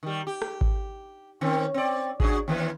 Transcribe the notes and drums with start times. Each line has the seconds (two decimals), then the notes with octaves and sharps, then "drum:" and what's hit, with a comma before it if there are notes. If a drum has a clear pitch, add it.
0.03 D#3 G3
0.27 G4
0.42 drum: rim click
0.61 drum: kick G#1
1.41 D#3 C4 C#4
1.74 C4 D5
2.20 D4 F#4 G#4, drum: kick G#1
2.48 D#2 E3 B4